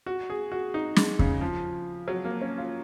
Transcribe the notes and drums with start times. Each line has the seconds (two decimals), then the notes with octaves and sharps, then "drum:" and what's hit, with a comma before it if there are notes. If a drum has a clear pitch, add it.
0.06 F#4
0.30 G#4
0.52 F#4
0.74 D#4
0.96 G#3, drum: snare
1.19 C#3, drum: kick E2
1.41 F3
2.08 F#3
2.25 A#3
2.42 C#4
2.58 F4